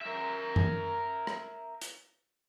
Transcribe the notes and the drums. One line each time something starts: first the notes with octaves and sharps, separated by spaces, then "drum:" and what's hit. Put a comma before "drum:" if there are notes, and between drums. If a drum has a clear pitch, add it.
A#4 E5
drum: tom F#2
drum: rim click
drum: hi-hat